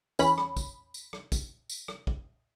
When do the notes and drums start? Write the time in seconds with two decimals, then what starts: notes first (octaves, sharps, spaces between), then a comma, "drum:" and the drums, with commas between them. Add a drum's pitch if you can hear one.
0.19 E2 C#4 B5, drum: tambourine
0.38 drum: rim click
0.57 drum: kick, tambourine
0.94 drum: tambourine
1.13 drum: rim click
1.32 drum: kick, tambourine
1.70 drum: tambourine
1.88 drum: rim click
2.07 drum: kick